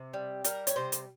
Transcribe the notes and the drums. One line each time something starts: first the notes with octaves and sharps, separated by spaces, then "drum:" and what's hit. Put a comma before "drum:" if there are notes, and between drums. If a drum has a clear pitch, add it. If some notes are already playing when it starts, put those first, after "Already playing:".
Already playing: C3
G3
G3 A#4, drum: hi-hat
C#5, drum: hi-hat
C3 C5
drum: hi-hat